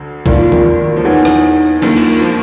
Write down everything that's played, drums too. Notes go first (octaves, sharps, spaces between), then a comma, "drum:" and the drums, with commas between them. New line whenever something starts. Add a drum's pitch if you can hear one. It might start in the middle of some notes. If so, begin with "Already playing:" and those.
Already playing: D2 D3
D#2 D#3 F4 A#4 D5, drum: kick C2
drum: tom D#3
F#3
F3
E2 E3 D#4 G#4 C#5 F#5
drum: rim click
D#2 D#3 A#3 D4 F4 A#4, drum: snare
drum: cymbal
F3